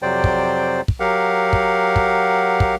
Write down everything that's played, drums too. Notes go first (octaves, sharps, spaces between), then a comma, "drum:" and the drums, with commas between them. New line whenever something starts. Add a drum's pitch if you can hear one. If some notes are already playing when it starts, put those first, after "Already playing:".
F2 C3 F#3 C5 D5 G5
drum: kick
drum: kick
F#3 G4 A#4 F5 F#5
drum: kick
drum: kick
drum: kick